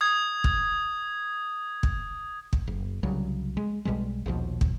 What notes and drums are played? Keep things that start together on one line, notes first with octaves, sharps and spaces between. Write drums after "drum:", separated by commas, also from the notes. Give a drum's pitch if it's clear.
D#6 G#6
drum: kick
drum: kick
drum: kick
F#1
C2 C#3 F#3 G3
G#3
B1 B2 G3 G#3
A#1 D#2 B2 F3
drum: kick